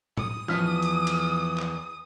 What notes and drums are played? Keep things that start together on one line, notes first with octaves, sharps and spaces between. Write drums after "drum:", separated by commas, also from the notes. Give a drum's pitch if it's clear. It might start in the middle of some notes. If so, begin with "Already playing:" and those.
D#6, drum: tom A2
E2 E3 F3 F6 B6, drum: snare
drum: hi-hat
drum: cymbal
drum: clap